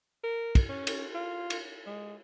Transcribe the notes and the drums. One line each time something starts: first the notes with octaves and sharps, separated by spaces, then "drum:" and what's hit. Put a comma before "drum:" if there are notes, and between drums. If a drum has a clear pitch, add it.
A#4
drum: kick, cymbal
C#4
drum: cymbal
F4
drum: cymbal
G#3